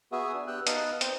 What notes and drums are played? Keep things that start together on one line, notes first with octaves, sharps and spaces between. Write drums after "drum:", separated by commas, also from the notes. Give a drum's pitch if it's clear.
B3 F#4 G#4 E5 G#5
D4
B3 G4 G5 E6 F#6
B3 D#4 B4 D#5 F5 A5, drum: hi-hat
C4 C5 G5, drum: hi-hat